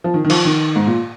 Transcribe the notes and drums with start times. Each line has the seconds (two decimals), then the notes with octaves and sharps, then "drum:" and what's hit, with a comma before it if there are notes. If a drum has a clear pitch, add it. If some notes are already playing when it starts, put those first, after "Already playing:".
0.04 F3
0.14 D#3
0.24 D#3
0.30 F3, drum: cymbal
0.45 D#3
0.76 G#2
0.86 A#2